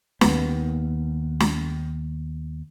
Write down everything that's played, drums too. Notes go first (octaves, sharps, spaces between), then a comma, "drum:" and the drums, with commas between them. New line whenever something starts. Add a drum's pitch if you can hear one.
D#2 B3, drum: snare
drum: snare